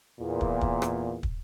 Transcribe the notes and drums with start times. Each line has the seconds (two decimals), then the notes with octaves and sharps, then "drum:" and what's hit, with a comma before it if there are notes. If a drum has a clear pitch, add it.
0.20 E2 A#2
0.41 drum: kick
0.61 drum: kick
0.82 drum: rim click
1.23 drum: kick